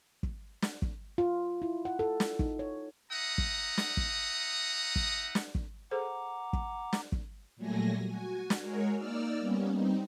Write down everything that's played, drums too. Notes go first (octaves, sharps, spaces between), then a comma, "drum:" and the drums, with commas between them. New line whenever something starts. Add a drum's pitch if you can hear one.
drum: kick
drum: snare
drum: kick
F4
E4
F#5
A4
drum: snare
D#4, drum: kick
C#5
D#4 E5 F#5 A#5 D#6
drum: kick
drum: snare
drum: kick
drum: kick
drum: snare
drum: kick
G#4 A4 C5 F#5 A#5 D6
drum: kick
drum: snare
drum: kick
A#2 F#3 G3 A3 G#5 A#6
F#4 G#5
drum: snare
G#3 F#4 G#4 A#4 C#5
A#3 D#4 D5 E6 F6
G3 A#3 B3 C#4
G3 C4 D#4